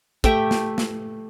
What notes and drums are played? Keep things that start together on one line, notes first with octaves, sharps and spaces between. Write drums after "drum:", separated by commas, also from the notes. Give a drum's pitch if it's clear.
A3 G4 E5 G5, drum: kick, hi-hat
drum: snare
drum: snare